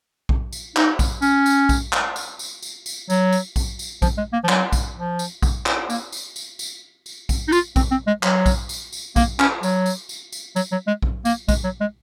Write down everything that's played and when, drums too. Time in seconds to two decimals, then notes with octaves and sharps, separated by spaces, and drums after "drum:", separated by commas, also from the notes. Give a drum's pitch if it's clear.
0.29 drum: kick A#1
0.53 drum: tambourine
0.76 D#4, drum: clap
0.99 drum: kick A#1, tambourine
1.22 C#4, drum: tambourine
1.46 drum: tambourine
1.69 drum: kick A#1, tambourine
1.93 drum: clap
2.16 drum: tambourine
2.39 drum: tambourine
2.63 drum: tambourine
2.86 drum: tambourine
3.10 F#3, drum: tambourine
3.33 drum: tambourine
3.56 drum: kick A#1, tambourine
3.79 drum: tambourine
4.02 F3, drum: kick A#1, tambourine
4.18 G#3
4.33 A#3
4.44 F3
4.49 F#3, drum: clap
4.72 drum: kick A#1, tambourine
4.96 F3
5.19 drum: tambourine
5.42 drum: kick A#1, tambourine
5.66 drum: clap
5.90 A#3, drum: tambourine
6.12 drum: tambourine
6.36 drum: tambourine
6.59 drum: tambourine
7.06 drum: tambourine
7.29 drum: kick A#1, tambourine
7.48 D#4
7.52 F4, drum: tambourine
7.76 C4, drum: kick A#1, tambourine
7.91 C4
8.07 G#3
8.23 F#3, drum: clap
8.46 drum: kick A#1, tambourine
8.69 drum: tambourine
8.92 drum: tambourine
9.16 A#3, drum: kick A#1, tambourine
9.40 C#4, drum: clap
9.63 F#3, drum: tambourine
9.86 drum: tambourine
10.09 drum: tambourine
10.32 drum: tambourine
10.56 F#3, drum: tambourine
10.72 F#3
10.88 G#3
11.02 drum: kick A#1
11.25 A#3, drum: tambourine
11.49 G#3, drum: kick A#1, tambourine
11.64 F#3
11.81 G#3